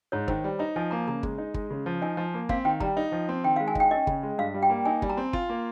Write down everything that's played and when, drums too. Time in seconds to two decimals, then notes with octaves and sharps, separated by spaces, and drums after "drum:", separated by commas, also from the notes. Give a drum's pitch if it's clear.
0.12 G#2 C#5
0.28 D#3 C5, drum: kick
0.44 G3
0.59 D#4 A#5
0.76 F3 G#5
0.91 A#3 A#5
1.08 C#3 A#5
1.23 G#3, drum: kick
1.38 D#4
1.54 G#3, drum: kick
1.70 C#3
1.86 F3
2.02 D#4 G#5
2.17 F3
2.34 A#3
2.49 C4 F5, drum: kick
2.65 D#3 G5
2.80 G3 A#5, drum: kick
2.97 D#4
3.12 F3
3.29 C4
3.44 D#3 G5
3.56 F5
3.60 G#3
3.68 G#5
3.75 D#4 G5, drum: kick
3.91 C#4 D#5
4.07 C#3, drum: kick
4.23 G#3
4.38 G2 F5
4.54 G3
4.63 G5
4.70 A#3
4.85 D#4 G#5
5.02 G3, drum: kick
5.10 A#5
5.17 C4
5.33 F4, drum: kick
5.49 A#3